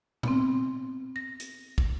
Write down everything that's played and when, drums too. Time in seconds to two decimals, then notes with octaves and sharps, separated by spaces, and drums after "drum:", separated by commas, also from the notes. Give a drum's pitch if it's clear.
0.23 B3 C4, drum: tom
1.16 A#6
1.40 drum: hi-hat
1.78 drum: kick